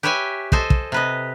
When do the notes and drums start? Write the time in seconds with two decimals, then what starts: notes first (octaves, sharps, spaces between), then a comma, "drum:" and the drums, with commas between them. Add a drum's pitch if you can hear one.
0.03 G4 B4 C#5 E5 G5 G#5
0.52 A4 C5 D#5 G#5, drum: kick
0.70 drum: kick
0.92 C3 B4 D#5